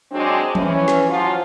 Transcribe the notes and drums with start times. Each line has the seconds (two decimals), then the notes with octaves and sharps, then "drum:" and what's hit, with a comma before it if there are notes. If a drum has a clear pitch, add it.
0.12 F#3 G#3 C4 D4
0.55 E3 C#4, drum: tom E3
0.88 drum: snare
1.09 F3 F#3 F4